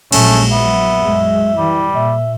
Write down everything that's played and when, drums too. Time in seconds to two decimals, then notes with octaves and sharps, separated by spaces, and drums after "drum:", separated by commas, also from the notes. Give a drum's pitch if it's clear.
0.12 A#1 F#3 G#3 A3 C#4, drum: cymbal
0.52 B3 E5
1.00 F#2 G#3
1.58 E3 G3
1.95 A#2 E5